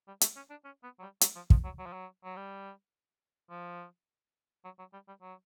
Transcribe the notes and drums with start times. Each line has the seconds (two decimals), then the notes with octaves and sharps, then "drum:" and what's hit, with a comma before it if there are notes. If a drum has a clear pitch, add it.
0.07 G3
0.21 A3, drum: hi-hat
0.36 C#4
0.50 D4
0.65 C#4
0.83 B3
0.99 F#3
1.02 G3
1.21 F#3, drum: hi-hat
1.36 F3
1.50 F3, drum: kick
1.64 F#3
1.79 F#3
1.86 F3
1.93 F#3
2.24 F#3
2.36 G3
3.50 F3
4.64 F#3
4.79 F#3
4.93 G3
5.08 G3
5.22 F#3